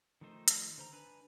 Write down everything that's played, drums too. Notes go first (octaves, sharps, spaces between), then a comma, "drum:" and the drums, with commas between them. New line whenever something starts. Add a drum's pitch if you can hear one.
D#3 F3 A3 D#4 C5
drum: hi-hat
D3 C5 A#5
D4 B4 G#5 A#5 B5